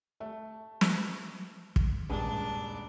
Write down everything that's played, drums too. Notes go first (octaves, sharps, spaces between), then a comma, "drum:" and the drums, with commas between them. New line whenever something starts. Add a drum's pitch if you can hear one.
A3
drum: snare
drum: kick
D#1 G2 G#3 D4